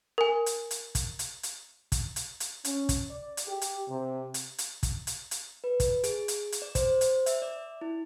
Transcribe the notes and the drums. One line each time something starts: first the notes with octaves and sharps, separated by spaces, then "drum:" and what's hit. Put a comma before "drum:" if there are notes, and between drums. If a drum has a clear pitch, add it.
A#4 G#5
drum: hi-hat
drum: hi-hat
drum: kick, hi-hat
drum: hi-hat
drum: hi-hat
drum: kick, hi-hat
drum: hi-hat
drum: hi-hat
C#4, drum: hi-hat
drum: kick, hi-hat
D5
drum: hi-hat
G4
drum: hi-hat
C3
drum: hi-hat
drum: hi-hat
drum: kick, hi-hat
drum: hi-hat
drum: hi-hat
B4
drum: kick, hi-hat
G#4, drum: hi-hat
drum: hi-hat
drum: hi-hat
D5
C5, drum: kick, hi-hat
drum: hi-hat
E5, drum: hi-hat
D5
E4